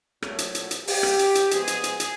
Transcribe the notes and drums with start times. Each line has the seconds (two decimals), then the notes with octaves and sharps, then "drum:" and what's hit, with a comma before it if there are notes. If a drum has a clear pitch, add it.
0.22 A#2 F#3 A3, drum: rim click
0.39 drum: hi-hat
0.55 drum: hi-hat
0.71 drum: hi-hat
0.87 G4, drum: open hi-hat
1.03 drum: rim click
1.19 drum: hi-hat
1.35 drum: hi-hat
1.51 A#2 F3 G#3 B3 G#4, drum: hi-hat
1.67 drum: hi-hat
1.84 drum: hi-hat
2.00 drum: hi-hat